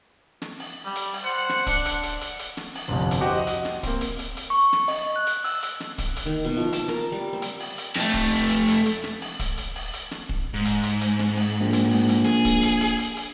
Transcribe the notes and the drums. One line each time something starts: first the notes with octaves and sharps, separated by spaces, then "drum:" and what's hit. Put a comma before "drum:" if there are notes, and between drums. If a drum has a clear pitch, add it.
drum: snare
drum: open hi-hat
G3
drum: hi-hat
drum: open hi-hat
C5 F#5
drum: snare
D4, drum: kick, hi-hat
drum: hi-hat
drum: hi-hat
drum: hi-hat
drum: hi-hat
drum: snare
drum: open hi-hat
G1 C2 F2
drum: hi-hat
F#4 G4 C5 D#5 F#5 G5
D#5
drum: hi-hat
drum: snare
A#3 C4, drum: kick, hi-hat
drum: hi-hat
drum: hi-hat
drum: hi-hat
C#6
drum: snare
D#5, drum: open hi-hat
F#6
drum: hi-hat
E6, drum: open hi-hat
drum: hi-hat
drum: snare
drum: kick, hi-hat
drum: hi-hat
D#3
B2
F3
A5, drum: hi-hat
A#4, drum: snare
G3
C4
drum: hi-hat
drum: open hi-hat
drum: hi-hat
F2 A3, drum: snare
drum: kick, hi-hat
drum: hi-hat
drum: hi-hat
drum: hi-hat
drum: snare
drum: open hi-hat
drum: kick, hi-hat
drum: hi-hat
drum: open hi-hat
drum: hi-hat
drum: snare
drum: kick
G#2
drum: hi-hat
drum: hi-hat
drum: hi-hat
drum: snare
drum: open hi-hat
A#1
drum: hi-hat
drum: open hi-hat
drum: hi-hat
G#4, drum: snare
drum: kick, hi-hat
drum: hi-hat
drum: hi-hat
drum: hi-hat
drum: hi-hat